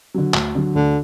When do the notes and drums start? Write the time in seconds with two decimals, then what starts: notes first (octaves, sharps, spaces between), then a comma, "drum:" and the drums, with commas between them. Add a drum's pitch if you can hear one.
0.14 D3 F#3
0.34 D2, drum: clap
0.55 D3 F#3
0.75 D2 D3